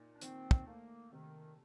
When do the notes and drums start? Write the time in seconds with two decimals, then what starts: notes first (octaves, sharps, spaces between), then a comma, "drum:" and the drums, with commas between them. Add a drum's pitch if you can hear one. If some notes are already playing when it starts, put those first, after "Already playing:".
Already playing: A#2 D#4
0.15 D4
0.21 D#3 C4, drum: hi-hat
0.51 drum: kick
0.67 A3 A#3
1.12 C3 D#3